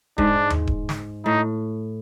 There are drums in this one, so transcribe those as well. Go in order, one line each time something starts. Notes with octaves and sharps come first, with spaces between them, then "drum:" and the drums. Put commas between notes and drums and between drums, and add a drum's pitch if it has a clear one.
G#2 D4, drum: kick D#1
drum: tom D#2
drum: kick D#1
drum: snare
A2 D#4